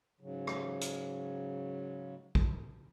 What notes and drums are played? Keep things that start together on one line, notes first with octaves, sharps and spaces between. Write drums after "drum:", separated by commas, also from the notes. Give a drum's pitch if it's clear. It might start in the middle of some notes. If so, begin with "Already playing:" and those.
G#2 C#3 F#3
drum: rim click
drum: hi-hat
drum: kick